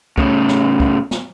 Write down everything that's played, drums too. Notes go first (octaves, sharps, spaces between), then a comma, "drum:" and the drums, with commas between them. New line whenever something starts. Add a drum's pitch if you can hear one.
A2 C#3, drum: kick
drum: snare
drum: kick
drum: snare